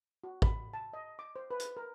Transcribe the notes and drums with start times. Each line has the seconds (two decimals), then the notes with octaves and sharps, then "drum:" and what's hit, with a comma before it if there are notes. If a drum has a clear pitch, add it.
0.24 F#4
0.42 B5, drum: kick
0.74 A5
0.93 D#5
1.19 D6
1.36 C5
1.51 B4
1.60 drum: hi-hat
1.77 A#4